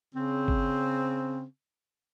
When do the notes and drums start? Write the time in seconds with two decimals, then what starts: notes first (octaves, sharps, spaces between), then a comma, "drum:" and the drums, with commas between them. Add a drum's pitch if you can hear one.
0.15 C#3 C4
0.48 drum: kick G1